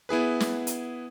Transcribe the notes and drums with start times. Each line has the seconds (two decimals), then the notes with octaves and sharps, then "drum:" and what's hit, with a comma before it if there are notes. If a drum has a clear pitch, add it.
0.09 B3 E4 G#4 B4
0.40 drum: snare
0.67 drum: hi-hat